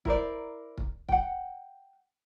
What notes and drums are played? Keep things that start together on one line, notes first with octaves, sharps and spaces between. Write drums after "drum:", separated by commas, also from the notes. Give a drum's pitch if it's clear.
E4 A#4 C5 D5, drum: kick
drum: kick
F#5 G5, drum: kick